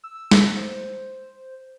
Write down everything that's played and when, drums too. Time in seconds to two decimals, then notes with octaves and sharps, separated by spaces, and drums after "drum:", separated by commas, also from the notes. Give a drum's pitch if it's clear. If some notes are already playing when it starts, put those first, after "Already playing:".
0.04 E6
0.31 drum: snare
0.56 C5